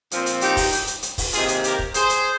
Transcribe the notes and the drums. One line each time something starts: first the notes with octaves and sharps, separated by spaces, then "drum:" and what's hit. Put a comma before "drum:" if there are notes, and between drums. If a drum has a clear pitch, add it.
A#2 F3 C4, drum: hi-hat
drum: hi-hat
D#4 G4, drum: hi-hat
drum: kick, open hi-hat
drum: hi-hat
drum: hi-hat
drum: hi-hat
drum: kick, open hi-hat
C3 D#3 A#3 F4 G#4, drum: hi-hat
drum: hi-hat
G4 A#4, drum: hi-hat
drum: kick
G#4 C5, drum: hi-hat
drum: hi-hat